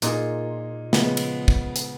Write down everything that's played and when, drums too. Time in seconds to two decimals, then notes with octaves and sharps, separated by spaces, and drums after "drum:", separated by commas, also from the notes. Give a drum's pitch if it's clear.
0.02 A#2 A#3 D#4 G#4, drum: hi-hat
0.93 C#3 F3 G#3 B3, drum: snare
1.17 drum: cymbal
1.48 drum: kick
1.76 drum: hi-hat